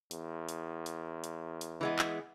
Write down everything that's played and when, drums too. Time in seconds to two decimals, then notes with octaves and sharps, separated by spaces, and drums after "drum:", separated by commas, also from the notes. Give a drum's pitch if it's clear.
0.11 E2, drum: hi-hat
0.49 drum: hi-hat
0.86 drum: hi-hat
1.24 drum: hi-hat
1.61 drum: hi-hat
1.81 E3 G#3 B3
1.99 drum: clap